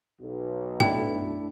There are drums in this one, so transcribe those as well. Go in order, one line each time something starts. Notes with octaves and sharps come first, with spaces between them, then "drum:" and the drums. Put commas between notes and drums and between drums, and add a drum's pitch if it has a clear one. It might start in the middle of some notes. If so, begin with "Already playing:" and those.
B1
A3 D4 E4 G5, drum: tom